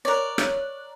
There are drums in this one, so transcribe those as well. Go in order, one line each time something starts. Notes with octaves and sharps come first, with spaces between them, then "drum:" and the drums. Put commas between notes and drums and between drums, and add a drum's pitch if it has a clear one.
A#4 C#5 D5 F#6
drum: rim click